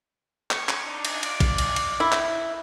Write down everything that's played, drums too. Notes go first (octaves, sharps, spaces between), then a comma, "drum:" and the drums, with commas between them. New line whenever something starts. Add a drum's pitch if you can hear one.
G#5 C#6, drum: clap
drum: clap
D4 D#4
drum: cymbal
F4 D5 D6, drum: cymbal
drum: kick, cymbal
drum: cymbal
drum: cymbal
E4
drum: clap